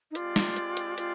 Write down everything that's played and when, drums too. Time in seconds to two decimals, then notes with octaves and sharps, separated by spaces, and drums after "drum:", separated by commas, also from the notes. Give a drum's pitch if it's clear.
0.11 D#4
0.15 G#3 C4 F4 G4 D5, drum: hi-hat
0.36 drum: snare
0.56 drum: hi-hat
0.77 drum: hi-hat
0.98 F4, drum: hi-hat